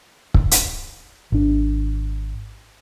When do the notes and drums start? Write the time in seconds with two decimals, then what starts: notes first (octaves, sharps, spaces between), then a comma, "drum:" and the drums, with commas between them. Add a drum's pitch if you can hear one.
0.34 drum: kick
0.51 drum: hi-hat
1.32 G#1 D4